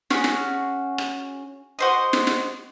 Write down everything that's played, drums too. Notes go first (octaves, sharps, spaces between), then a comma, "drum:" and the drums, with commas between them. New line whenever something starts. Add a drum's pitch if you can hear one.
C#4 F#4 G#4, drum: snare
drum: snare
drum: rim click
F#4 C5 D#5
drum: snare
drum: snare